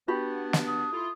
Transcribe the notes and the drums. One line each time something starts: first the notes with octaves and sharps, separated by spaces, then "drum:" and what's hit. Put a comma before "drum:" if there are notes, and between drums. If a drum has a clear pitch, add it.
B3 D4 F#4 G4 B5
drum: snare
D#6
A3 E4 F4